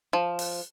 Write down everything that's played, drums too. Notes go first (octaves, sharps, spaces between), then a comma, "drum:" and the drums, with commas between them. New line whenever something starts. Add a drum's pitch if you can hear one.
F3
drum: open hi-hat